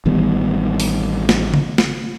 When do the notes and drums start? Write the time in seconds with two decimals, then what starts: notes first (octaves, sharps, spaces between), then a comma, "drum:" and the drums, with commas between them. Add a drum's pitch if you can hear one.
0.06 A1 D#3 G3 B3
0.80 drum: open hi-hat
1.29 drum: snare
1.54 drum: tom C#3
1.78 drum: snare